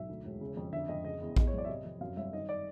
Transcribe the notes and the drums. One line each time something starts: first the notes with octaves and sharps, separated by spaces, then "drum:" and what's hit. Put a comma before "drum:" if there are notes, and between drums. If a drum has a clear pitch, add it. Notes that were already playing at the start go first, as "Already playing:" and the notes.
Already playing: B1 E5
D2
E1
C#3
F2
D3 E5
F2 D#5
C#3 D#5
E2
E2 D#5, drum: kick A#1
C#5
F#1
D5
E5
C3 D#5
F2
F#2 F5
G1 E5
D#3 D#5
D5